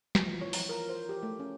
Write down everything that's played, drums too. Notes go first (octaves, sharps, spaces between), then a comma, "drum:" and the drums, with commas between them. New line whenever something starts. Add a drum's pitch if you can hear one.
F3, drum: snare
E3
C#5
F3, drum: open hi-hat
A#4
C5
G4
A3
C#4